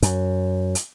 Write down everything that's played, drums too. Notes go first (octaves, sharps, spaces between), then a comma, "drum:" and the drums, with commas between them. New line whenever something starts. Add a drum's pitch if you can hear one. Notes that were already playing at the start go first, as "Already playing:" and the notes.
F#2, drum: hi-hat
drum: hi-hat